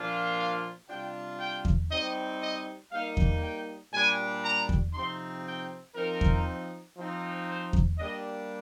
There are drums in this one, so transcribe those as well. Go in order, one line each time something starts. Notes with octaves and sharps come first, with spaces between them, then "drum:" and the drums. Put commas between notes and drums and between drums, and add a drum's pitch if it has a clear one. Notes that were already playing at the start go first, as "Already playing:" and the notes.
Already playing: A#2 F3 A#3 D4 F4
F5
C3 G3 D4 F4 G5
G5
drum: kick E2
G3 C4 D#4 D#5
D#5
G3 A#3 D#4 F5
drum: kick E2
G5
A#2 G3 D4 G#5
A#5
drum: kick E2
C3 F3 C4 D#4 C6
G5
F3 C4 D#4 A#4
drum: kick E2
F3 C4 D#4
C5
drum: kick E2
G3 A#3 D4 D#5